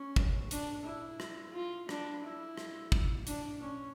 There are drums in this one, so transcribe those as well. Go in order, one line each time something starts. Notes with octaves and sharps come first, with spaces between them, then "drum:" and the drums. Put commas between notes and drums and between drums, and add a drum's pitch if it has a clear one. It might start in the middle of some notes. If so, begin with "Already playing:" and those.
Already playing: C#4
drum: kick
D4, drum: hi-hat
E4
drum: rim click
F4
D4, drum: rim click
E4
drum: rim click
drum: kick
D4, drum: hi-hat
C#4